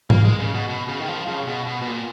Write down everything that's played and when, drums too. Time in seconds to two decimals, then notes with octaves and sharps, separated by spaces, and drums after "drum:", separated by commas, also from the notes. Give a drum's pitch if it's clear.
0.10 A#3, drum: tom G#2
0.25 G#3
0.40 C#3
0.54 B2
0.69 B2
0.88 C#3
1.00 D#3
1.09 F3
1.28 C#3
1.47 B2
1.67 B2
1.82 B2
1.87 A#2